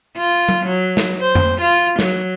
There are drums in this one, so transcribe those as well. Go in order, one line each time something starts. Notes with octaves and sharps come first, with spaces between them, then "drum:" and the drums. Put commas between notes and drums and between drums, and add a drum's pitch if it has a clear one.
F4
drum: tom
F#3
drum: snare
C5
drum: tom F2
F4
F#3, drum: snare